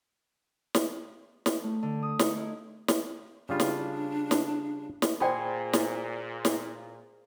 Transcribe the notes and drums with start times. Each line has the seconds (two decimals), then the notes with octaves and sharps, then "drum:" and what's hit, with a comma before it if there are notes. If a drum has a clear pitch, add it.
0.75 drum: snare
1.46 drum: snare
1.64 A3
1.83 D3
2.03 D#6
2.19 D#4, drum: snare
2.36 E4
2.88 drum: snare
3.49 C#3 G3 D4 F4
3.60 drum: snare
4.31 drum: snare
5.02 drum: snare
5.20 A#2 G#4 C5 D5 G5 G#5 B5
5.73 drum: snare
6.45 drum: snare